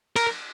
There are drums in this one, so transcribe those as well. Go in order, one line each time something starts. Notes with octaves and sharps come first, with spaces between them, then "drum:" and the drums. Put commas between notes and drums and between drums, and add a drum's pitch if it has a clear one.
A#4, drum: cymbal